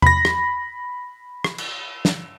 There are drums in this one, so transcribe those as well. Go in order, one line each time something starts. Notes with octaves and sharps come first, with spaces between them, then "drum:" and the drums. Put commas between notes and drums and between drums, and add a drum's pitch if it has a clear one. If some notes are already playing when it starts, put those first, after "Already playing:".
B5 A#6, drum: tom E2
drum: rim click
drum: rim click
drum: cymbal
drum: snare